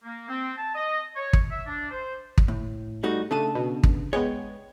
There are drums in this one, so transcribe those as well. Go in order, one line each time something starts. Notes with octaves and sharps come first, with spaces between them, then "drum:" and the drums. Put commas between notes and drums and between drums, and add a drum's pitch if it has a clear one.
A#3
C4
A5
D#5
C#5
drum: kick
E5
D4
C5
drum: kick
A2
A2 G3 D#4 F#4
C#3 A3 D4 A5 D#7
B2
drum: kick
G#3 B3 C#5 G5